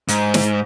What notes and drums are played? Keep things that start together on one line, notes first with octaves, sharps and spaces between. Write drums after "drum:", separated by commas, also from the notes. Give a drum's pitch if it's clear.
G#2, drum: hi-hat
drum: snare